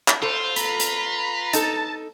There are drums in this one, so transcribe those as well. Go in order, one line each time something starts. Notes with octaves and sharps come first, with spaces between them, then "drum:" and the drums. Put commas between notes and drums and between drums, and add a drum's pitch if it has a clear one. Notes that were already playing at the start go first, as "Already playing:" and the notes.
drum: clap
F4 A4 C5
B4 A#5 B5, drum: hi-hat
drum: hi-hat
D#4 A4 A5, drum: hi-hat